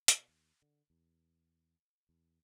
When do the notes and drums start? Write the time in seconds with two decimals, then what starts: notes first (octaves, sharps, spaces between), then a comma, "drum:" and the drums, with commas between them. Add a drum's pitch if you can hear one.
0.08 B2, drum: hi-hat
0.28 D#2
0.62 D3
0.90 E2
2.09 E2